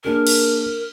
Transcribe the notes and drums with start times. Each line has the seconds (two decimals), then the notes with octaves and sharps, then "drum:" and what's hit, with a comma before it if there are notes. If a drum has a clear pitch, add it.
0.05 A#3 D4 G#4 A#4
0.27 drum: cymbal